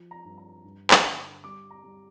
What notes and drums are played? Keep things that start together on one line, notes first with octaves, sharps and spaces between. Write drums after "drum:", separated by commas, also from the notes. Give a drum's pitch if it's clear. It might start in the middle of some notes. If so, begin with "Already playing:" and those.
Already playing: F3
A#5
G2
A#5
G2
drum: clap
D3
G3 D6
A#5
G3